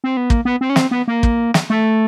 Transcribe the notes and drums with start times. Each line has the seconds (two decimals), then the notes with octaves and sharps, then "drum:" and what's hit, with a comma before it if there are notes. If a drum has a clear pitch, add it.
0.04 C4
0.17 B3
0.30 A#3, drum: kick
0.45 B3
0.61 C4
0.70 C#4
0.76 C4, drum: snare
0.91 B3
1.08 A#3
1.23 drum: kick
1.54 drum: snare
1.70 A3